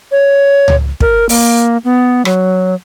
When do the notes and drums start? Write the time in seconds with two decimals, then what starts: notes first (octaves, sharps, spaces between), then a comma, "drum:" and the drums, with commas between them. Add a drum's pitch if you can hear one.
0.12 C#5
0.68 drum: tom C#2
1.01 A#4, drum: kick
1.29 A#3, drum: open hi-hat
1.84 B3
2.25 F#3, drum: rim click